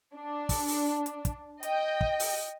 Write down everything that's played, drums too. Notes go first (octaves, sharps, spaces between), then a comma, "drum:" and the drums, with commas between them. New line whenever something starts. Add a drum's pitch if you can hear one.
D4
drum: kick, open hi-hat
drum: open hi-hat
drum: hi-hat
drum: kick, hi-hat
D#5 G5, drum: hi-hat
drum: kick
drum: open hi-hat